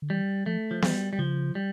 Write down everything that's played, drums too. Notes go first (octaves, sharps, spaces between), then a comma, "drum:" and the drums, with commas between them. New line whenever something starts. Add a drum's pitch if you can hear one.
D3
E3 G3
F3 A3
F3
E3 G3, drum: snare B3
G3
C#3 F3
G3